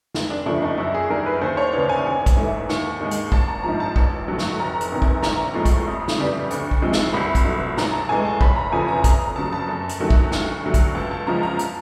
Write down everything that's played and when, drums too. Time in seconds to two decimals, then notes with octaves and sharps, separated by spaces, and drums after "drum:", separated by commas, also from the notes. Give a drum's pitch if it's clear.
0.14 F1, drum: snare
0.30 D4
0.46 D#2 C#3 F3 A3 D4
0.62 D#4
0.77 F#2 E4
0.94 G#4
1.10 D#3 G3 A#4
1.26 B4
1.41 D#2 C5
1.57 C#5
1.73 C#3 E3 D5
1.89 G#5
2.05 A1
2.26 drum: kick, hi-hat
2.37 G#2 E3 A3
2.69 D#2, drum: snare
3.01 D#3 G#3
3.11 drum: hi-hat
3.32 G#1 A5, drum: kick
3.48 A#5
3.64 G#2 F3 A#5
3.80 A5
3.96 A1, drum: kick
4.28 A2 F#3
4.38 drum: snare
4.59 F1 A#5
4.81 drum: hi-hat
4.92 E2 C3 D#3
5.02 drum: kick
5.22 A#1 A#5, drum: snare
5.54 A2 F3 G#3
5.65 drum: kick, hi-hat
5.87 F2
6.08 drum: snare
6.18 C#3 E3 G3
6.51 D2, drum: hi-hat
6.71 drum: kick
6.82 C3 F3 G#3
6.93 drum: snare
7.13 C2 B5
7.35 drum: kick, hi-hat
7.45 B2 F#3 A3
7.77 A1 A#5, drum: snare
7.93 A5
8.09 A2 E3 G#3 G#5
8.25 A5
8.41 F#1 B5, drum: kick
8.56 A#5
8.72 E2 C#3 F3 A3 G#5
8.88 A#5
9.04 F2 A#5, drum: kick, hi-hat
9.36 C#3 F#3 A5
9.52 A5
9.68 F#2
9.89 drum: hi-hat
10.00 D#3 F#3 A3
10.10 drum: kick
10.32 D2, drum: snare
10.63 D3 F#3 A3
10.74 drum: kick, hi-hat
10.95 C#2 A5
11.11 A5
11.27 C#3 F3 G#3 A#5
11.43 A#5
11.59 A5, drum: hi-hat